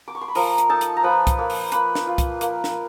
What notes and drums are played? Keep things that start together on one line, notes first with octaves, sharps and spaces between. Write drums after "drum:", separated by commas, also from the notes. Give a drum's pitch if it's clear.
D6
C#6
C6
B5
F3 A#4 A#5, drum: open hi-hat
drum: hi-hat
D#4 A4 A5
drum: hi-hat
A#5
F3 B4 B5
drum: kick C2, hi-hat
A#3
drum: open hi-hat
A#3 B4 B5, drum: hi-hat
drum: snare
F4
drum: kick C2, hi-hat
A#3, drum: hi-hat
drum: snare